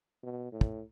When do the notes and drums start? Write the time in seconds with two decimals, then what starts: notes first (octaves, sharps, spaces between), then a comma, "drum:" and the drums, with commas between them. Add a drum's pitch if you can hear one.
0.23 B2
0.52 A2
0.61 drum: kick